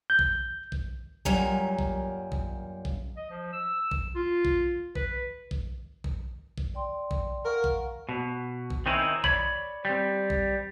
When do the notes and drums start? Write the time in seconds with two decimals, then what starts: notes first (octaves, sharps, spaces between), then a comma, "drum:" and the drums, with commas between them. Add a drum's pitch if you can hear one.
0.10 G6
0.19 drum: kick A#1
0.72 drum: kick A#1
1.25 F#2 A#2 F#3 G3 G#5 A#5, drum: kick A#1
1.79 drum: kick A#1
2.32 drum: kick A#1
2.85 drum: kick A#1
3.17 D#5
3.30 F3
3.53 E6
3.91 drum: kick A#1
4.15 F4
4.45 drum: kick A#1
4.95 B4, drum: kick A#1
5.51 drum: kick A#1
6.04 drum: kick A#1
6.58 drum: kick A#1
6.74 D5 G5 C6
7.11 drum: kick A#1
7.45 A#4 F5 F#5 C#6
7.64 drum: kick A#1
8.09 B2
8.70 drum: kick A#1
8.86 D#3 C4 C#4 D#4 E4
9.24 C#5 D5 B5, drum: kick A#1
9.85 G3 C4
10.30 drum: kick A#1